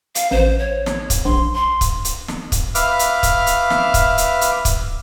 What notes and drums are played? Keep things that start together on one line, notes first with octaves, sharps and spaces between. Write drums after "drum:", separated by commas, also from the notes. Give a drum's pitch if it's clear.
F5, drum: hi-hat
A1 C5
C#5
drum: snare
drum: kick C#1, hi-hat
A#1 C6
C6
drum: kick C#1, hi-hat
drum: hi-hat
drum: snare
drum: kick C#1, hi-hat
B4 E5 F5 D6 F6, drum: hi-hat
drum: hi-hat
drum: kick C#1, hi-hat
drum: hi-hat
drum: snare
drum: kick C#1, hi-hat
drum: hi-hat
drum: hi-hat
drum: kick C#1, hi-hat